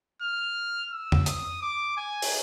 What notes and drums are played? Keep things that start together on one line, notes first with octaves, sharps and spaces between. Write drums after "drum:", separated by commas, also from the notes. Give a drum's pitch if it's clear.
F6
E6
drum: tom F2
D#6, drum: hi-hat
D6
G#5
drum: open hi-hat